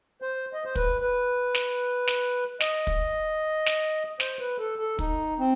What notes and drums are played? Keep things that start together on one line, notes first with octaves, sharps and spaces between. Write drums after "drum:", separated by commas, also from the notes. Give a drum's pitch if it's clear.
C5
D#5
C5
B4, drum: kick
B4
drum: snare
drum: snare
D#5, drum: snare
drum: kick
drum: snare
C5, drum: snare
B4
A4
A4
D#4, drum: kick
C4